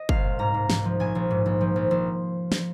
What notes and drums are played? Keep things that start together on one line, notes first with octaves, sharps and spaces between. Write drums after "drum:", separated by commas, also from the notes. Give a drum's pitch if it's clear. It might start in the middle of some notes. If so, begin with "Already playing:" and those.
Already playing: D#5
C2 F5, drum: kick
A#2
G#2 A#5
G#2
G#2, drum: snare
F3
A#1 G#5
A#1
G#2
A#1
F3
A#1
A#1
drum: snare